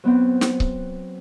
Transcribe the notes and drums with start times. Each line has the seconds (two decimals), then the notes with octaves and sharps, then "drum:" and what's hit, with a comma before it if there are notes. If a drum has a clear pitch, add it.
0.04 F#3 B3 C4
0.41 drum: snare
0.60 drum: kick C#1